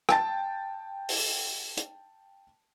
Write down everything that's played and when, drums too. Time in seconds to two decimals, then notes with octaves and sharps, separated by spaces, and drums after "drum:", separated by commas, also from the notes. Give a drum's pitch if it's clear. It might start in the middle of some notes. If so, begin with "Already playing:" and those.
0.09 G5 A5 A6, drum: rim click
1.09 drum: open hi-hat
1.77 drum: hi-hat